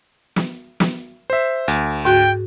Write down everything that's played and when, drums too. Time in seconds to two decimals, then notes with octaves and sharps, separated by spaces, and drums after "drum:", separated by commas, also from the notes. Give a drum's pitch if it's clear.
0.36 drum: snare
0.80 drum: snare
1.30 C5 E5
1.68 D2, drum: hi-hat
2.05 G#2 F#4 G5